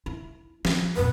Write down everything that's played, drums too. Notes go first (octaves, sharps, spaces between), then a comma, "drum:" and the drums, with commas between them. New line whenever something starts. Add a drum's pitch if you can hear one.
E4
F3, drum: snare
F2 A#2 B4